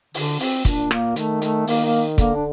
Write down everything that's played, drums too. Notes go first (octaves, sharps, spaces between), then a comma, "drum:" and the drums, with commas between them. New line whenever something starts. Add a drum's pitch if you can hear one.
D3, drum: open hi-hat
C4, drum: open hi-hat
A#2 D4, drum: kick, hi-hat
A#3, drum: rim click
D#3 A3, drum: hi-hat
A3, drum: hi-hat
D#3 A#3, drum: open hi-hat
A#3
D3 A#3, drum: kick, hi-hat
D4